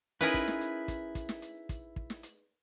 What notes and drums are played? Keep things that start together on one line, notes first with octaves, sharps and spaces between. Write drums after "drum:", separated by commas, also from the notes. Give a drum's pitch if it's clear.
C#4 D#4 E4 G#4 A#4 B4
drum: kick, hi-hat
drum: snare
drum: hi-hat
drum: kick, hi-hat
drum: kick, hi-hat
drum: snare
drum: hi-hat
drum: kick, hi-hat
drum: kick
drum: snare
drum: hi-hat